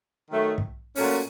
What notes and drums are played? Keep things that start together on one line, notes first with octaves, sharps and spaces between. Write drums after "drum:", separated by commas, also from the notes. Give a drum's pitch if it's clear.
D#3 F#3 A3
drum: kick
A#2 F#3 A3 C#4, drum: open hi-hat